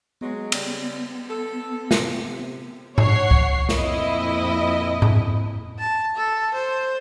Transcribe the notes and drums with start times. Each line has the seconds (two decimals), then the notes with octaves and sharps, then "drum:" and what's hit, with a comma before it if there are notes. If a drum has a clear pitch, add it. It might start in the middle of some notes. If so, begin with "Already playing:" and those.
0.21 F#3 G#3 B3
0.52 C#3 G3, drum: cymbal
1.29 A4
1.91 C3, drum: snare
2.98 C#5 F#5 C7, drum: tom G#2
3.31 drum: kick C2
3.69 F2 A#2 E4 D#5, drum: snare
5.02 drum: tom G#2
5.79 A5
6.16 A4
6.54 C5